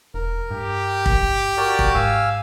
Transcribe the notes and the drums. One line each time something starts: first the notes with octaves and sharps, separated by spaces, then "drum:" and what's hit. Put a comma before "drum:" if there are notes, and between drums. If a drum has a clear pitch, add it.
E1 A#4
G2 G4
drum: kick
F#4 A#4 D5
drum: kick
G#2 F5 G#5 E6